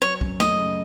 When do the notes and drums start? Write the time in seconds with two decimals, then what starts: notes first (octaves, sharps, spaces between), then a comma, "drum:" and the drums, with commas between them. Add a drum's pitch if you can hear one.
0.01 F#3 C#5
0.21 F#2, drum: kick
0.40 A3 D#5, drum: snare
0.59 C#3